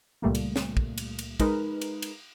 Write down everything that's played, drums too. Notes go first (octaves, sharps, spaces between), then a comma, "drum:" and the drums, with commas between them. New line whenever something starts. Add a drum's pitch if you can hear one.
C#2 A#2 G3 A3 A#3
drum: cymbal
drum: snare
drum: kick
drum: cymbal
drum: cymbal
G#3 D#4 A#4 B4, drum: kick, cymbal
drum: cymbal
drum: cymbal